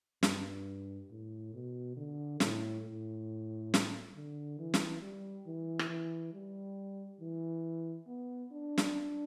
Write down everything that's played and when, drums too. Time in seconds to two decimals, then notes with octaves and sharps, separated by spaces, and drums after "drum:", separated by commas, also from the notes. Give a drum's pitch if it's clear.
0.23 G2, drum: snare
1.10 A2
1.54 B2
1.96 D3
2.40 A2, drum: snare
2.84 A2
3.74 drum: snare
4.15 D3
4.58 E3
4.74 drum: snare
5.02 G3
5.46 E3
5.79 drum: rim click
5.89 E3
6.33 G3
7.20 E3
8.07 B3
8.52 D4
8.78 drum: snare